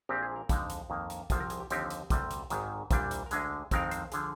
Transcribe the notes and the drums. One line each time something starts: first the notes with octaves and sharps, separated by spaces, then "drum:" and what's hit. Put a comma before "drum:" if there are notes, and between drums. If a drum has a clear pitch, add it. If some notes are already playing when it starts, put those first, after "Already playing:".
A#1 A#2 F3 C4 G4
G#4
A#4
F2 D3 G#3 D#4 C5, drum: kick, hi-hat
drum: hi-hat
F2 D#3 A#3
drum: hi-hat
C2 C3 F3 C5, drum: kick, hi-hat
A#4
G#4, drum: hi-hat
G4
D#2 D3 F3 C4 D#4 G4, drum: hi-hat
drum: hi-hat
D2 C3 G3, drum: kick, hi-hat
drum: hi-hat
G#1 G#2 D#3, drum: hi-hat
C2 A#2 G3 D4, drum: kick, hi-hat
drum: hi-hat
A#4
D2 D3 G#3 G#4, drum: hi-hat
F2 D#3 G#3 C4 A#4, drum: kick, hi-hat
C5, drum: hi-hat
D3 F3 G#4, drum: hi-hat